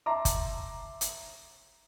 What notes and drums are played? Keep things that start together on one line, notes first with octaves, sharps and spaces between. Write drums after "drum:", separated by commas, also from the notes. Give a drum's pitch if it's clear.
E5 A5 A#5 C6 D6
drum: kick F#1, hi-hat
drum: hi-hat